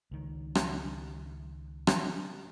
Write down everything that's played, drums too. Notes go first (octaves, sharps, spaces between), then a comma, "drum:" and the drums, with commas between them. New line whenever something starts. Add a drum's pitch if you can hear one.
C#2 D#3
drum: rim click
drum: rim click